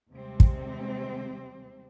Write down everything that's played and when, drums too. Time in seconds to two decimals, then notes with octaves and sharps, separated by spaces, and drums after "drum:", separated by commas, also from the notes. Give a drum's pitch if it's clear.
0.12 D#2 C3 G3 G#3 C4
0.40 drum: kick